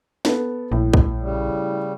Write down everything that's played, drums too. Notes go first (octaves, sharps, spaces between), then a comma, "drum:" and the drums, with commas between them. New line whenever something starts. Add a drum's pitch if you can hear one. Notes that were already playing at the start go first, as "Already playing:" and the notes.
B3 A4, drum: snare
A#1 A2
drum: kick C2
C#3 G3